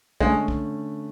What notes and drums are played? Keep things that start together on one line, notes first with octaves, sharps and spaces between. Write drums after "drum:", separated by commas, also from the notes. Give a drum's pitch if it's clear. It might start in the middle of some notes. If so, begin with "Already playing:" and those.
D3 G#3 A3 C#4, drum: kick
drum: kick